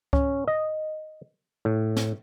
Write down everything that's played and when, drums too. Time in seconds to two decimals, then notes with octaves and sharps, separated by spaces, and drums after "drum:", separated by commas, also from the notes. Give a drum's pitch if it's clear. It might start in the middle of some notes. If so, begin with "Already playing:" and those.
0.13 C#4, drum: kick C#2
0.48 D#5
1.65 A2
1.96 drum: snare